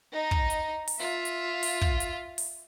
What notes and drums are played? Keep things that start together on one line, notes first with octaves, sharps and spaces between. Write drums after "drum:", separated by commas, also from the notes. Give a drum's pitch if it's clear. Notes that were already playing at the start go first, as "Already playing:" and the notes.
D#4 D#5
drum: kick
drum: hi-hat
drum: open hi-hat
F4 E5
drum: hi-hat
drum: open hi-hat
drum: kick
drum: hi-hat
drum: open hi-hat